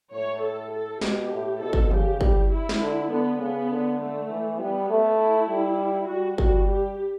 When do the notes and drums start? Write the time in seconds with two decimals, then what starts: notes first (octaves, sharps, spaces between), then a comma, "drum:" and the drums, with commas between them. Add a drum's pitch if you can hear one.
0.13 A2 C#5
0.43 A4
0.72 A4
1.01 B2 G4, drum: snare
1.32 A2
1.61 B2 A4
1.73 drum: kick G1
1.91 C#3 G4, drum: tom D3
2.21 G3, drum: kick G1
2.51 E4
2.69 drum: snare
2.81 D3
3.10 D3 B3
3.40 C#3 B3
3.71 D3
4.00 A3
4.30 E3
4.59 G3 B3
4.90 A3
5.19 E4
5.49 G3
6.09 G3 F#4
6.38 G3 F#4, drum: kick G1
6.68 G4